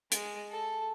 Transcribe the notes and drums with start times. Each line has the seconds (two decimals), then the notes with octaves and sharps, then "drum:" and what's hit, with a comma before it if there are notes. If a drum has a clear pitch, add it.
0.12 G#3, drum: hi-hat
0.50 A4